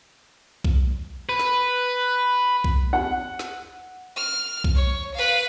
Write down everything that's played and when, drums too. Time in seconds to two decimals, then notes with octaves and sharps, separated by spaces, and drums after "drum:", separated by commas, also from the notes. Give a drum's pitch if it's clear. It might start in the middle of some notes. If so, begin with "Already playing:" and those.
0.64 drum: kick B1
1.29 B4
1.39 drum: snare
2.64 drum: kick B1
2.93 F#5
3.39 drum: snare
4.17 F6
4.64 drum: kick B1
4.75 C#5
5.14 B4 F5